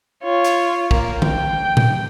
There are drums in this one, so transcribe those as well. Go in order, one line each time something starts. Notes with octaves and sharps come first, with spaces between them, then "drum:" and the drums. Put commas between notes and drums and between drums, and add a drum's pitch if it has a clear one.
F4 C#5
drum: hi-hat
A#3, drum: kick
G5, drum: tom D3
drum: tom A#2